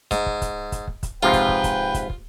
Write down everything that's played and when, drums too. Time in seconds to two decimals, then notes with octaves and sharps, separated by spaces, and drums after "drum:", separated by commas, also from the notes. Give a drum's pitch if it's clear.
0.11 G#2, drum: kick, hi-hat
0.26 drum: kick
0.42 drum: kick, hi-hat
0.72 drum: kick, hi-hat
0.87 drum: kick
1.03 drum: kick, hi-hat
1.23 G#2 C3 F3 F4 B4 G5
1.33 drum: kick, hi-hat
1.49 drum: kick
1.64 drum: kick, hi-hat
1.94 drum: kick, hi-hat
2.10 drum: kick